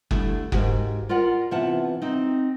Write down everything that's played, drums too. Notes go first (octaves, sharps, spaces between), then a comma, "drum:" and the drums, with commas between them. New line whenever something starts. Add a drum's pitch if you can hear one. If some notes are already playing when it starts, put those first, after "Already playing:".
D3 G3 A3 D4 E4, drum: kick F#1
G#2 A#3 F#4 G4, drum: kick F#1
F4 A#4 D5 F#5
C3 E3 B3 F4 F#5 A5
C4 D#4